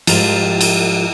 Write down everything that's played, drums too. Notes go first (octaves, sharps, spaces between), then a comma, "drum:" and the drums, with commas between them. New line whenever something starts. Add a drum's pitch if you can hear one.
G#2 F3 G3 F4 G#4 A#5, drum: cymbal
drum: cymbal